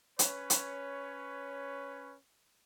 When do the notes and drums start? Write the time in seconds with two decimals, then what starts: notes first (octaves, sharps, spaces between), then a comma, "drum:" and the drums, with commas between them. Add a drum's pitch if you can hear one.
0.19 C#4 B4 C#5, drum: hi-hat
0.50 drum: hi-hat